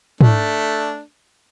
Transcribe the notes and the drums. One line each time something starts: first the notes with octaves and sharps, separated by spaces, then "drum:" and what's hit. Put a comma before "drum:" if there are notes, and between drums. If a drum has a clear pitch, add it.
A3 D4, drum: tom